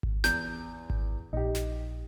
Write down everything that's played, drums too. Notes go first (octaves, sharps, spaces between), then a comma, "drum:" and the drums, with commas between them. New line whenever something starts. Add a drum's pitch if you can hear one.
drum: kick G#1
E2 G6, drum: snare
drum: kick G#1
A#1 D#4 G4
drum: snare